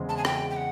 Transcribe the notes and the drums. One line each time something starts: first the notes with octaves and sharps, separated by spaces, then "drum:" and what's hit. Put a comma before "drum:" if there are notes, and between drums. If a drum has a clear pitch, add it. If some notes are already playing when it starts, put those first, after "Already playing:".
Already playing: E2 C#3 E3 G#3 C4
A5
G#5
G5, drum: rim click
G5
F#5